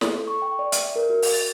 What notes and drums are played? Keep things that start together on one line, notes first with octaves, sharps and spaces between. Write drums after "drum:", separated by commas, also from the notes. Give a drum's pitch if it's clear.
A4, drum: snare
C#6
G5
D5
E5, drum: hi-hat
A#4
F#4
drum: open hi-hat
A6